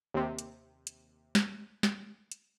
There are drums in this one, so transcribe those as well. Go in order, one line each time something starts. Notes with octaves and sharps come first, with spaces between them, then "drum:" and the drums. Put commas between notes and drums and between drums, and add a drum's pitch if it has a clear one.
D#2 C3
drum: hi-hat
drum: hi-hat
drum: snare
drum: snare
drum: hi-hat